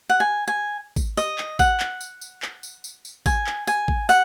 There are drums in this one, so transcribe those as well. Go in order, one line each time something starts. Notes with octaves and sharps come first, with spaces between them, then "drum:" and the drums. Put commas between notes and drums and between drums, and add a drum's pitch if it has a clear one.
F#5
G#5
G#5
drum: kick G#1, tambourine
D#5, drum: tambourine
drum: clap
F#5, drum: kick G#1, tambourine
drum: clap
drum: tambourine
drum: tambourine
drum: clap
drum: tambourine
drum: tambourine
drum: tambourine
G#5, drum: kick G#1, tambourine
drum: clap
G#5, drum: tambourine
drum: kick G#1
F#5, drum: tambourine